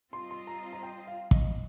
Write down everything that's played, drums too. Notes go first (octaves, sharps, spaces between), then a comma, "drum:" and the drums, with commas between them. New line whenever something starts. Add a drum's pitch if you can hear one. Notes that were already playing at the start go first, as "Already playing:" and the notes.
G3 C4 F4 C5 D#5 C6
C6
A#5
A#5
G5
F5
D#5, drum: kick